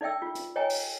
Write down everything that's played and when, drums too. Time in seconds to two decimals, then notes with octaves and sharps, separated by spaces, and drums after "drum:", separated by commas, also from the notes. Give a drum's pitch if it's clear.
0.01 D#4 D5 E5 G5 E6
0.22 F4
0.35 drum: hi-hat
0.56 C#5 D#5 G5 G#5 A#5
0.69 drum: open hi-hat